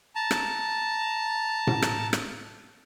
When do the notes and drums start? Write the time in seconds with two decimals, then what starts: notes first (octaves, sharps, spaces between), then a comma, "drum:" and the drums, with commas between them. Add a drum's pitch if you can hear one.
0.15 A5 A#5
0.31 drum: rim click
1.67 drum: tom A2
1.82 drum: rim click
2.13 drum: rim click